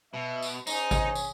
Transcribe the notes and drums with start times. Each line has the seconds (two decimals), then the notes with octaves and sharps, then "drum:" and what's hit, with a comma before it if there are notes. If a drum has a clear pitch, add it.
0.14 B2 E5
0.43 drum: tambourine
0.67 C#4 D#4 G#4 C5 C#5, drum: tambourine
0.91 drum: kick G#1, tambourine
1.15 drum: tambourine